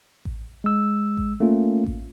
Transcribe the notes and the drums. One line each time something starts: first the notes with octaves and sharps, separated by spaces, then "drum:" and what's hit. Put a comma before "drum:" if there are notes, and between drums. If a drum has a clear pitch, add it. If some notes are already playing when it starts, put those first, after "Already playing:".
drum: kick A1
G#3 E6
drum: kick A1
A3 A#3 C#4 F4
drum: kick A1